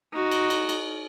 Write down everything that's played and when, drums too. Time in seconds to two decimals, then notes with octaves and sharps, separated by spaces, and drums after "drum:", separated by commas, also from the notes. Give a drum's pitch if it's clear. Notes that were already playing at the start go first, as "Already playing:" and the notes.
0.13 D#4 F#4
0.31 drum: cymbal
0.50 drum: cymbal
0.69 drum: cymbal